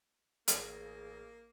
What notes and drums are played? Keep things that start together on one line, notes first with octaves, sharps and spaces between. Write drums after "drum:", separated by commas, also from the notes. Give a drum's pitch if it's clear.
A1 A#3 G#4, drum: hi-hat